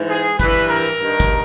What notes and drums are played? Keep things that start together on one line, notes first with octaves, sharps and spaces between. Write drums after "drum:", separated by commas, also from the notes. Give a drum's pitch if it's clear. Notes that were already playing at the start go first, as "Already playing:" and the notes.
Already playing: G#2 E3
G#4
G2 E3 B4, drum: kick, hi-hat
A#4
drum: hi-hat
G2 D#3
drum: kick, hi-hat